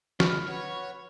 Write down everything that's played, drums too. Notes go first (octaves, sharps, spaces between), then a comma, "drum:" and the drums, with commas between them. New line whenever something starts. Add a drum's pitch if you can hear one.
F#2 D#5 B5 C#6 F6, drum: snare
F#4 B4 C#5